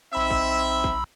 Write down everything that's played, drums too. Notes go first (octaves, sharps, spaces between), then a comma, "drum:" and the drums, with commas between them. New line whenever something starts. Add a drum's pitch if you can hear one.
B1 C4 D#4 E5 B5 E6
drum: kick
drum: kick